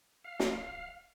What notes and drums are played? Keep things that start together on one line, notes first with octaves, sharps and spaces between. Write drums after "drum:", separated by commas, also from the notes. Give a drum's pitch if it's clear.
F5
drum: snare